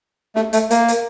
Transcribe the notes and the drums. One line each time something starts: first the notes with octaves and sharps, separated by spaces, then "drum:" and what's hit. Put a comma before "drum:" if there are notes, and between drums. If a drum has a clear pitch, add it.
A3, drum: snare
A3, drum: hi-hat
A#3, drum: hi-hat
drum: hi-hat